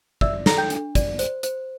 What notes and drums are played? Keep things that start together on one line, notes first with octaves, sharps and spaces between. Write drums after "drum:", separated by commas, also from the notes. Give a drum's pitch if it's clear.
D5 E5 E6, drum: kick
A4 A#5 A#6, drum: snare
G5 G6
D4, drum: hi-hat
D5, drum: kick, hi-hat
C5, drum: hi-hat
C5, drum: hi-hat